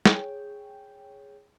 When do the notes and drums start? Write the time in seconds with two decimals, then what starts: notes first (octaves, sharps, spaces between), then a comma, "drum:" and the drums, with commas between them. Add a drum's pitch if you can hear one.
0.06 G#4 C#5 G5, drum: snare